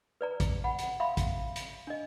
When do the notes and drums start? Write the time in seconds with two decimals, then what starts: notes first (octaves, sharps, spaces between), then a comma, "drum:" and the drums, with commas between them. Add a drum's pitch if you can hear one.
0.21 B4 D5 A#5
0.40 drum: kick A1, hi-hat
0.64 F#5 B5
0.79 drum: hi-hat
1.00 E5 F5 B5 C6
1.17 drum: kick A1, hi-hat
1.56 drum: hi-hat
1.87 D4 D#5